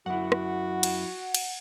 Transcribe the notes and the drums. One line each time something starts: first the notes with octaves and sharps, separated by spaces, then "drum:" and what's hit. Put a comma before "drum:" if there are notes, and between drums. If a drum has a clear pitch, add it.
F#2 E4 F#4 F#5
drum: rim click
drum: cymbal
drum: cymbal